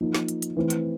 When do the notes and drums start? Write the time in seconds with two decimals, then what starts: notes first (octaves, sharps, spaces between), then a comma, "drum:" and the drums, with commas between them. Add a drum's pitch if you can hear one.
0.01 F3 A#3 D#4
0.15 drum: snare
0.28 drum: hi-hat
0.42 drum: hi-hat
0.57 E3 A3 C4
0.70 drum: hi-hat